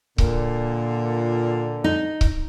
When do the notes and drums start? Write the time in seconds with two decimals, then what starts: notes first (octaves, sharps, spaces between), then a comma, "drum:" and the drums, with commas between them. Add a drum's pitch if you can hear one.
0.18 A#2 D3, drum: kick C#1
1.84 D#4
2.21 drum: kick C#1